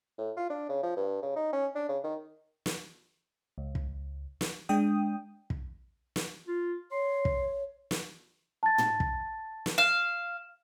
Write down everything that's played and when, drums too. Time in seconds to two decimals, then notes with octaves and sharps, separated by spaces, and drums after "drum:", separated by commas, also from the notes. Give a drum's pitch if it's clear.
0.18 A2
0.36 F4
0.50 D4
0.69 C#3
0.83 F3
0.97 G2
1.22 C#3
1.36 D#4
1.52 C#4
1.75 D4
1.89 C#3
2.04 D#3
2.66 drum: snare
3.58 C#2
3.75 drum: kick
4.41 drum: snare
4.69 G#3 D4 G5 D#6
5.50 drum: kick
6.16 drum: snare
6.48 F4
6.92 C#5 C6
7.25 drum: kick
7.91 drum: snare
8.63 A5 A6
8.78 drum: tom
9.00 drum: kick
9.66 drum: snare
9.78 F5 E7